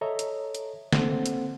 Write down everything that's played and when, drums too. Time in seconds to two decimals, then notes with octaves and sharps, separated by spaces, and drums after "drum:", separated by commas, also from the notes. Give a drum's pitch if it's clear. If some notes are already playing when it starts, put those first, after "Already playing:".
0.01 A4 C#5 D#5 E5 A#5
0.19 drum: hi-hat
0.55 drum: hi-hat
0.93 A#3 C4 A4 C5 F#5, drum: snare
1.26 drum: hi-hat